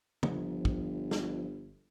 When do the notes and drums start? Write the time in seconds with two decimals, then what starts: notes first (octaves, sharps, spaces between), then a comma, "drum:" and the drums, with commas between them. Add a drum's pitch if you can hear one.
0.23 G1 F3, drum: tom
0.65 drum: kick
1.11 drum: snare